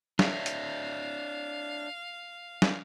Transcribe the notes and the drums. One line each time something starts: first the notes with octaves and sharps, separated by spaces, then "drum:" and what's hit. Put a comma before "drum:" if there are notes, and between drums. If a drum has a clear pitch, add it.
D4 C#5 E5 F5, drum: snare
drum: hi-hat
drum: snare